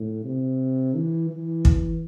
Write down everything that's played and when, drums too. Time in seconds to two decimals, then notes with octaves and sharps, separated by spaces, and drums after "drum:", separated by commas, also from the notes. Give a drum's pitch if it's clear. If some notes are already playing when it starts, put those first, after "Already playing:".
Already playing: A2
0.24 C3
0.95 E3
1.29 E3
1.65 drum: kick